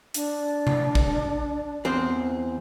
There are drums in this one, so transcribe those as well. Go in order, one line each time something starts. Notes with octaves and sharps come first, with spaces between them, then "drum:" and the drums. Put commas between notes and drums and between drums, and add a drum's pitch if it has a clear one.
D4, drum: hi-hat
drum: tom C3
drum: kick
E2 C4 C5